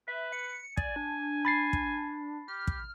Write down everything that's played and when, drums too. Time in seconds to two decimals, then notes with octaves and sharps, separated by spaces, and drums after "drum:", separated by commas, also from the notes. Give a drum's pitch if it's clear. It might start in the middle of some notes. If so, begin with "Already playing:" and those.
0.08 B4 E5
0.32 C#7
0.77 D5 G#5, drum: kick
0.96 D4
1.45 B5 A6 C7
1.73 drum: kick
2.48 G4 F6
2.67 drum: kick